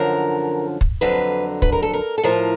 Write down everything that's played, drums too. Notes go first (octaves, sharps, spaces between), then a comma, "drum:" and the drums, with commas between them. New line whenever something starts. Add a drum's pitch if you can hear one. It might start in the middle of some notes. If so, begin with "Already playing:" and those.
Already playing: F#2 D3 F3 A#4
drum: kick
F2 D3 F#3 B4
B4, drum: kick
A#4
A4
A#4
A4
A2 F3 A#4